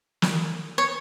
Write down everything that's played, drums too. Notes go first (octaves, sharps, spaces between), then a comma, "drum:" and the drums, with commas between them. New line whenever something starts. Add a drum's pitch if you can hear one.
drum: snare
C#5